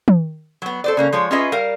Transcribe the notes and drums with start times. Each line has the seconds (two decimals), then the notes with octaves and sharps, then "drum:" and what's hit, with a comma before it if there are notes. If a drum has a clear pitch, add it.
0.08 drum: tom
0.62 F#3 B3
0.84 A4 C5 D5
0.97 C#3 A#3 C#4
1.12 F3 G#3 C#5
1.31 C#4 F4 G#4 B4 D#5 E5
1.52 G3 A#4 F5